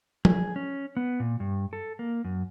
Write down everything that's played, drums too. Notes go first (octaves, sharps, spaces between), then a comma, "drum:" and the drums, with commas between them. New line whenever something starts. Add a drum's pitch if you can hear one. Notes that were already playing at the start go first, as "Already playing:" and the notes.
G#4, drum: tom F3
C#4
B3
A#2
G2
A4
A#3
F#2